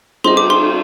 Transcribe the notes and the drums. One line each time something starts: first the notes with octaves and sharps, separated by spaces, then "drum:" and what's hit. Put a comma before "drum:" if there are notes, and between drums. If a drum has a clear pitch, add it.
G#4 C5 D#5 C6, drum: cymbal
D6
C6